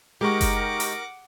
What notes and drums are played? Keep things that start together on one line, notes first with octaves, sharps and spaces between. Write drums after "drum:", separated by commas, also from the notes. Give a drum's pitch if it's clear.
G#3 D#4 G4 A#4 F#5 C#6 D6
drum: kick F#1, open hi-hat
drum: open hi-hat